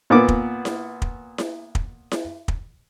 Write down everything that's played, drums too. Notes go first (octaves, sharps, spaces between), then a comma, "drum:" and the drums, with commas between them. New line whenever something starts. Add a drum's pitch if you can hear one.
A#2 B3 A#4 D6
drum: kick
drum: snare E4
drum: kick
drum: snare E4
drum: kick
drum: snare E4
drum: kick